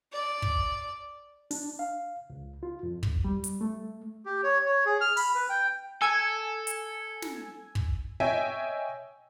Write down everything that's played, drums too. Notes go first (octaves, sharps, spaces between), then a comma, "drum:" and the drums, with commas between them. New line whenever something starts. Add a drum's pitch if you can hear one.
D5
drum: kick
D4, drum: open hi-hat
F5
C#2
F4
F2
drum: kick
G3
drum: hi-hat
A3
G4
C#5
C#5
G#4
F6
B5, drum: open hi-hat
B4
G5
A4 G#5 E6 G#6
drum: hi-hat
drum: snare
drum: kick
C#5 D#5 E5 G5 G#5